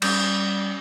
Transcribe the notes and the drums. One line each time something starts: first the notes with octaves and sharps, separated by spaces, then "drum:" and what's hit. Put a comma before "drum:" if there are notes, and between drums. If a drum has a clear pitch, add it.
G3 C#4 D#6 G6, drum: cymbal